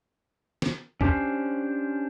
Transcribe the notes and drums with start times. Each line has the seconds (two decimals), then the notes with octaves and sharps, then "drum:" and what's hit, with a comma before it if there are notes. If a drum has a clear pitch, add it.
0.62 drum: snare
1.01 C#4 D4 G4 C5, drum: kick